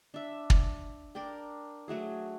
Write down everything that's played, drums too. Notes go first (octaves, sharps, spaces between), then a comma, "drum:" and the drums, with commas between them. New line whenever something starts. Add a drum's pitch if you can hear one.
D4 E5
drum: kick
D4 A#4 D5 G5
F#3 A3 F#4 G#4